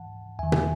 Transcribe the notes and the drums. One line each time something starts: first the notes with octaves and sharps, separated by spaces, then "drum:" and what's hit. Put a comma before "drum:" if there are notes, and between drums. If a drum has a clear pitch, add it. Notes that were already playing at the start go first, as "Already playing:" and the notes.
Already playing: G#2 E3 F#5 A5
E2 D#3 E5 G#5
drum: tom